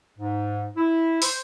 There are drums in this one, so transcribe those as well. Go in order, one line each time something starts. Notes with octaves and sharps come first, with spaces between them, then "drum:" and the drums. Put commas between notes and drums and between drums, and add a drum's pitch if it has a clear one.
G#2
E4
C5, drum: open hi-hat